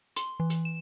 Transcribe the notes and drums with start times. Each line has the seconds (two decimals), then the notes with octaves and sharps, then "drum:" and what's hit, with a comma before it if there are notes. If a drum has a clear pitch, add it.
0.16 C6, drum: hi-hat
0.40 E3
0.50 drum: hi-hat
0.65 E7